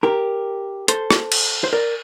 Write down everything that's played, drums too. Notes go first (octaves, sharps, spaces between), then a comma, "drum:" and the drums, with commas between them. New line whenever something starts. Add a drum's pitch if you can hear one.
G4 A#4
A4 C5, drum: hi-hat
drum: rim click
drum: cymbal
C5
A#4 D5